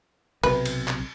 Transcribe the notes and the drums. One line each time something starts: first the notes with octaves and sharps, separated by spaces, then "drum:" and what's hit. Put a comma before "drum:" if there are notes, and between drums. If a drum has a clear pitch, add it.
B1 C3 B4, drum: cymbal
drum: cymbal
drum: clap